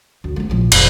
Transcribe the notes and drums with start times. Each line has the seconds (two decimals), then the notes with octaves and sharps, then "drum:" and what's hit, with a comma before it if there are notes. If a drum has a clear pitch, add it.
0.24 D2
0.36 A3 C4
0.50 A#1 E3
0.72 F1, drum: cymbal